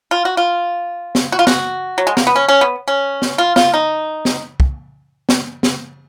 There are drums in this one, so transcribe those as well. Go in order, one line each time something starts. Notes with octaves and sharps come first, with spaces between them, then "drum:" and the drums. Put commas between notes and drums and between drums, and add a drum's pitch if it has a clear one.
F4
F#4
F4
drum: snare
F#4
F4
F#4, drum: snare
F#3
G#3
A#3, drum: snare
B3
C#4
C#4
B3
C#4
drum: snare
F4
F4, drum: snare
D#4
drum: snare
drum: kick
drum: snare
drum: snare